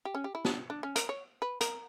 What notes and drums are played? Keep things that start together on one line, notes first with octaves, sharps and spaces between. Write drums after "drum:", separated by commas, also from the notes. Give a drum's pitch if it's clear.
G4
C#4
G4
E4
D4, drum: snare
D4
C#4
A#4, drum: hi-hat
C#5
B4
A#4, drum: hi-hat